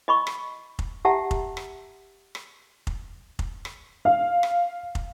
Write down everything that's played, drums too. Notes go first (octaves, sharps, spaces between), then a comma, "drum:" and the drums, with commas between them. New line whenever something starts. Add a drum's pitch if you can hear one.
D#5 B5 C#6
drum: rim click
drum: kick
G4 E5 F#5 A5 A#5
drum: kick
drum: rim click
drum: rim click
drum: kick
drum: kick
drum: rim click
F5
drum: rim click
drum: kick